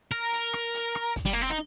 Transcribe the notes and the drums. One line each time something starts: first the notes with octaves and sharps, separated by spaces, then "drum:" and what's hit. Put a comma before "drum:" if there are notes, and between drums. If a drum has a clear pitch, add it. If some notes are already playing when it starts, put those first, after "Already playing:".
A#4
drum: hi-hat
drum: rim click
drum: hi-hat
drum: rim click
drum: kick, hi-hat
G3
A#3
C4
D#4